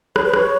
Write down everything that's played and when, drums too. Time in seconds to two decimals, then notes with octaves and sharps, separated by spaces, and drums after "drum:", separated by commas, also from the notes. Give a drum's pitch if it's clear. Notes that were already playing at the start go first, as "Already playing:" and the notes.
0.16 C#5, drum: rim click
0.24 B4
0.34 C#5, drum: rim click